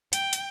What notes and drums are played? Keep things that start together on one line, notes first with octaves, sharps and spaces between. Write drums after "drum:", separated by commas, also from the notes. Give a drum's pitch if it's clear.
G5, drum: hi-hat
drum: hi-hat